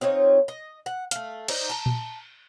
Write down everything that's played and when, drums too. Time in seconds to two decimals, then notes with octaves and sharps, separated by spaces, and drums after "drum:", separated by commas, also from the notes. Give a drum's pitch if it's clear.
0.01 C4 D#4 F4 C#5
0.48 D#5
0.86 F#5
1.11 A3 F5, drum: hi-hat
1.48 D#4 C5 D5 D#5, drum: cymbal
1.70 A5 A#5
1.86 drum: tom A#2